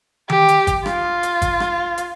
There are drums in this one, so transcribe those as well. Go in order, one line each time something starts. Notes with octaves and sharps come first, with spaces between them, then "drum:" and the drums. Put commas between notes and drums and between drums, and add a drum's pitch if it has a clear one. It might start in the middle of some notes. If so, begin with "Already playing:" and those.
G4, drum: tom D#3
drum: hi-hat
drum: kick G#1, hi-hat
F4, drum: rim click
drum: hi-hat
drum: kick G#1, hi-hat
drum: rim click
drum: hi-hat